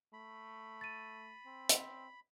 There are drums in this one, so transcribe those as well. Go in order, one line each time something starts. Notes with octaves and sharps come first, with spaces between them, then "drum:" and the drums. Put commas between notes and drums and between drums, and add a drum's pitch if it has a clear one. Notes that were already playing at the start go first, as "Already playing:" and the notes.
A3 B5
A6 D#7
C4
drum: hi-hat